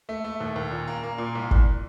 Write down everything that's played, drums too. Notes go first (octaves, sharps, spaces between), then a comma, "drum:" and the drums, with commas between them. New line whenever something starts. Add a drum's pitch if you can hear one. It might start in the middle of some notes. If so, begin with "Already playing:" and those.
A3
A3
D#2
D#2
A#2
A#3
A#3
A#2
C2
C2, drum: kick